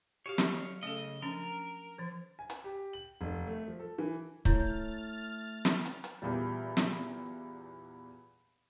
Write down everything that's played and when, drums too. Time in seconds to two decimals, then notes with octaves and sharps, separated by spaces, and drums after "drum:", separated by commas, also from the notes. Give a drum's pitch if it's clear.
0.26 F#4 G4 C#5 F5
0.38 drum: snare
0.57 F#3
0.83 C#3 A3 C#4 A4 D#5
1.22 F3 C#4 D4 A#4
1.98 E3 F3
2.39 G#5
2.50 drum: hi-hat
2.64 G4
2.93 F#7
3.21 F1
3.47 A3
3.68 F3
3.80 A4
3.99 E3
4.45 A3 E4 C#5 F6 A6, drum: kick
5.65 drum: snare
5.85 drum: hi-hat
6.04 drum: hi-hat
6.22 E2 A#2 G3
6.77 drum: snare